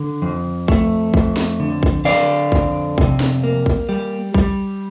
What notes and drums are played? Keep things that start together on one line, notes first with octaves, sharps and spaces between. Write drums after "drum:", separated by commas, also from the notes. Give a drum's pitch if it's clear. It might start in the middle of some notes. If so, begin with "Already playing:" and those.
Already playing: D3
F2
A3, drum: kick A#1
F2, drum: kick A#1
drum: snare
D3
drum: kick A#1
D3 D5 F5
F2, drum: kick A#1
C3, drum: kick A#1
drum: snare
A#3
drum: kick A#1
G3
G3, drum: kick A#1